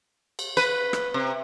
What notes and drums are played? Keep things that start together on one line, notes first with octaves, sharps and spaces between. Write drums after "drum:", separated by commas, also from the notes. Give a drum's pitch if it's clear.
drum: cymbal
B4, drum: cymbal
drum: rim click
C3